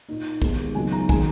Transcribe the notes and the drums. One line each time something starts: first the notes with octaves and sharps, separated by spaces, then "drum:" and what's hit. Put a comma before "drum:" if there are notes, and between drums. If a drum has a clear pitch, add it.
A#2 A#3 D#4
D#2 D#3 G#3 B3, drum: kick
C#2 C#3 F#3 B3 D#4 G#5
A#5
D#3 G#3 G#5, drum: kick